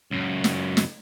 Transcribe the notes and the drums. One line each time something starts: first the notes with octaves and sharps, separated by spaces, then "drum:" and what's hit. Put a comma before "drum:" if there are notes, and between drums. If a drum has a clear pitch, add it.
C#2 F#2
drum: snare
drum: snare